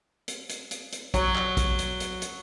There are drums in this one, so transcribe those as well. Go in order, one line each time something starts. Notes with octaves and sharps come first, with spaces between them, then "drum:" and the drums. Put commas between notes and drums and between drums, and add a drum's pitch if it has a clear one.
drum: hi-hat
drum: hi-hat
drum: hi-hat
drum: hi-hat
F#3, drum: kick, hi-hat
drum: clap
drum: kick, hi-hat
drum: hi-hat
drum: hi-hat
drum: hi-hat